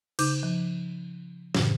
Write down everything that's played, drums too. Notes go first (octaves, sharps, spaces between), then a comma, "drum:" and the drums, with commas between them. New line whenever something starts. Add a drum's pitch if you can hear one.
C#3 D#4 D6 G6, drum: cymbal
F3
F#2 A2 C#3 E3, drum: snare